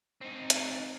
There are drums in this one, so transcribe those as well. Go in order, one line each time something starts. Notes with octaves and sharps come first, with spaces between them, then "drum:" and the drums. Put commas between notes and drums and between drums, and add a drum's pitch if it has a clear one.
C4 D#4
drum: hi-hat